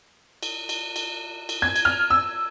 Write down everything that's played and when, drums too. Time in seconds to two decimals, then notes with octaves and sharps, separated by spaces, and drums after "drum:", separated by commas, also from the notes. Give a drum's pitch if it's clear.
0.43 drum: cymbal
0.69 drum: cymbal
0.96 drum: cymbal
1.49 drum: cymbal
1.62 G#6
1.76 drum: cymbal
1.85 F6
2.10 E6